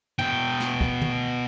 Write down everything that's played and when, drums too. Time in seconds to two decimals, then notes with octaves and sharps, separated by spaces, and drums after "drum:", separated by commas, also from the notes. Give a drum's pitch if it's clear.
0.19 B2 G5, drum: tom
0.60 drum: snare
0.81 drum: kick
1.01 drum: tom